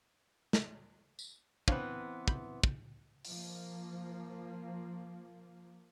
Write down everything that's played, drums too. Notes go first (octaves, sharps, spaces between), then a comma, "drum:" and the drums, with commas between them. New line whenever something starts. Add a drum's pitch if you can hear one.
drum: snare
drum: tambourine
E3 B3 C4 D4 C#5 F5 F#6, drum: kick
B5 G6, drum: kick
drum: kick
F3 A#3, drum: open hi-hat